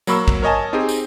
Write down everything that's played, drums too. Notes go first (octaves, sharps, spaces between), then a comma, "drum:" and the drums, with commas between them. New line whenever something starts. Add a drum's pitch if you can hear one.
F#3 A#3 B5 C#6 E6, drum: tambourine
drum: kick
A#4 C#5 D#5 G#5 A5
C4 D#4 G4 G#4
drum: tambourine